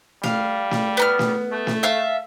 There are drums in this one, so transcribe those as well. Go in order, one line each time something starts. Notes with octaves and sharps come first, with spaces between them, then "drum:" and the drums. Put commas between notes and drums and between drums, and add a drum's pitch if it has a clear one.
G3 F5, drum: snare
drum: snare
B3 B5 F6
drum: snare
A3
drum: snare
E5 F5 A5